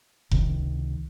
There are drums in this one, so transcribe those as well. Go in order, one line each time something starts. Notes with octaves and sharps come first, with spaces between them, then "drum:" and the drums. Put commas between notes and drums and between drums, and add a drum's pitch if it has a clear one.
C#2 C3 D#3, drum: kick F1